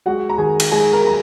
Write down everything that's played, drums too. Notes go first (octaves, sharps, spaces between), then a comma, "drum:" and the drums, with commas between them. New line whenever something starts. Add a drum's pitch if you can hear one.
G#3 F#4 F#5
A#5
D#3 G#4 G#5
drum: cymbal
G#3 G#4 G#5
A#4 A#5
G#3 A#5